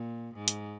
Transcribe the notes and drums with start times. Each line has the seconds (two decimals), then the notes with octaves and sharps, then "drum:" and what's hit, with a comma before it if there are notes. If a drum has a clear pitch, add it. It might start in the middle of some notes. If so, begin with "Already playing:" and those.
Already playing: A#2
0.34 G#2
0.48 drum: hi-hat